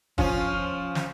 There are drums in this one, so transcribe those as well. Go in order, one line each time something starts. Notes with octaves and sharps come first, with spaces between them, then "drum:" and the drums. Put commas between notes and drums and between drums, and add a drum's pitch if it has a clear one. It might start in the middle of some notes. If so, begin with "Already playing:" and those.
F3 C#4 F4, drum: kick
drum: snare